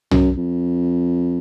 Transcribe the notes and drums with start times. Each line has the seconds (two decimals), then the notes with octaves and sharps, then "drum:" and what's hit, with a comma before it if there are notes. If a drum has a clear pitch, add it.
0.11 F#2, drum: tom
0.37 F2